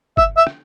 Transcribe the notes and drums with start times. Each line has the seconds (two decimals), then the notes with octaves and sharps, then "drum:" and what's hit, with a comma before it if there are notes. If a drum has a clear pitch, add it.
0.17 E5, drum: kick G1
0.37 E5
0.47 drum: rim click